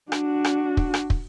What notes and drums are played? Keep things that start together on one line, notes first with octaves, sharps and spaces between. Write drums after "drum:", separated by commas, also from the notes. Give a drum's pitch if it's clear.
D4 F#4, drum: rim click
drum: rim click
drum: kick
drum: rim click
drum: kick